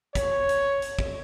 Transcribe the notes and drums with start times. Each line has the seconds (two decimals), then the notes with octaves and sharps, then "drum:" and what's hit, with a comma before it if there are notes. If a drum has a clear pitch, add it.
0.15 C#5, drum: kick, hi-hat
0.49 drum: hi-hat
0.82 drum: hi-hat
0.99 drum: kick